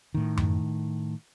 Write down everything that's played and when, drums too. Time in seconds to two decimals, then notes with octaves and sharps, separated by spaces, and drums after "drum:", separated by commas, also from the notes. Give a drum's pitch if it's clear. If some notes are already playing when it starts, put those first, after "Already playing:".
0.14 A2 D#3
0.37 drum: tom F#2